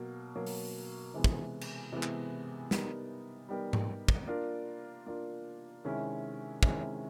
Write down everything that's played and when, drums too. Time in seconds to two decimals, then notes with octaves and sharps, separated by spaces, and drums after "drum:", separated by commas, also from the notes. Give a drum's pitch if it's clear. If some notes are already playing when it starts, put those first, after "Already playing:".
Already playing: B2 F#3 A#3
0.36 B2 F#3 A#3
0.46 drum: open hi-hat
1.14 C3 E3 G#3 B3
1.24 drum: kick
1.61 drum: cymbal
1.92 C3 E3 G#3 B3
2.03 drum: clap
2.71 G3 B3 D#4 G4 A#4, drum: snare
3.49 G3 B3 D#4 G4 A#4
3.73 drum: tom G#2
4.08 drum: kick
4.27 A#3 D4 F4 A#4
5.07 A#3 D4 F4 A#4
5.85 C3 D#3 G#3 C#4 E4
6.63 C3 D#3 G#3 C#4 E4, drum: kick